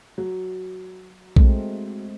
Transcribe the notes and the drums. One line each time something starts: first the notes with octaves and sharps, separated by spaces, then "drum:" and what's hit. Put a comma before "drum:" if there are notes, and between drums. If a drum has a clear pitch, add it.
F#3
G#3 A3 C4, drum: kick A#1